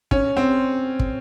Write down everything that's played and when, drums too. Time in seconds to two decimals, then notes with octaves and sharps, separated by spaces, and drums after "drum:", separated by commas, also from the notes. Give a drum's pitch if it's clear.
0.11 C#4, drum: kick
0.37 C4
0.99 drum: kick